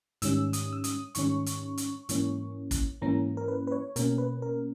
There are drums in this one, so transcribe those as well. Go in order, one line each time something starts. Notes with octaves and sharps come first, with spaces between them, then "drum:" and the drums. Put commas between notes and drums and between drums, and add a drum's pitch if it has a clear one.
G#2 D#3 G3 C#4 E6, drum: hi-hat
D#6, drum: hi-hat
E6
D#6, drum: hi-hat
G#2 D#3 G3 C#4 C#6, drum: hi-hat
drum: hi-hat
drum: hi-hat
G#2 E3 A#3 C#4, drum: hi-hat
drum: kick, hi-hat
G#2 E3 A#3 C#4 A#5
A#4
B4
B4
C#5
B2 A#3 C#4 A#4, drum: hi-hat
B4
A#4